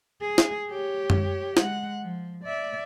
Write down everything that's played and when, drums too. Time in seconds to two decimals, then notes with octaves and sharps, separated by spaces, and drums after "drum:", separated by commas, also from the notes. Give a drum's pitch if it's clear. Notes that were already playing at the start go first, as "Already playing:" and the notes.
0.22 G#4
0.38 drum: snare
0.69 G4 C#5
1.10 drum: tom F#2
1.57 G#3 F#5, drum: snare
2.02 F3
2.44 D5 E5